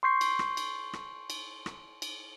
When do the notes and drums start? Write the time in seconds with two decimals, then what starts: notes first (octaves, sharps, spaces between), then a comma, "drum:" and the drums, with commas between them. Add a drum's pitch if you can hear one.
0.03 C6 C#6 G6 C7
0.21 drum: cymbal
0.39 drum: rim click
0.57 drum: cymbal
0.93 drum: rim click
1.30 drum: cymbal
1.66 drum: rim click
2.02 drum: cymbal